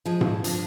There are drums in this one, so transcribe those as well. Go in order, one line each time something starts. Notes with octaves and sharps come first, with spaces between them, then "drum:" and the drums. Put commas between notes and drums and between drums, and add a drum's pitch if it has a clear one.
F3 G#3
drum: tom G#2
F3 D4, drum: hi-hat